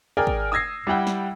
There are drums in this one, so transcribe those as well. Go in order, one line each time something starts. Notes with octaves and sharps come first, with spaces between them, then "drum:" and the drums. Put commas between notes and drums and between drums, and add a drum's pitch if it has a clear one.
G#4 A#4 D5 G5 G#5
drum: kick
D#6 E6 G#6 A#6 C7
G3 E4 F#5 G5
drum: snare